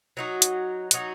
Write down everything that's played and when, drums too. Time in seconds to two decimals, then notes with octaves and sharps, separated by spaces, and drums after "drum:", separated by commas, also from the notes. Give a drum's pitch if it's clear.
0.17 F#3 D#4 F#4
0.42 drum: hi-hat
0.91 F#3 D#4 F#4, drum: hi-hat